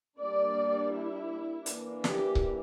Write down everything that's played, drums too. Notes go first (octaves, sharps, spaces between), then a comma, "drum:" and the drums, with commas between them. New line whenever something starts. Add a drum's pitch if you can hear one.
G3 A#3 D4 D5
E4
E3 A#3 D4, drum: hi-hat
G4, drum: snare
drum: kick C#1